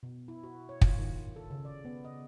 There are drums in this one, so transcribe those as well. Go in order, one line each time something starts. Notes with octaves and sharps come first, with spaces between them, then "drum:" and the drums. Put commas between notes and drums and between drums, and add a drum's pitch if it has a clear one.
B2
E4
F#4
C#5
F4, drum: kick
D#3
A4
C#3
D5
B3
D#5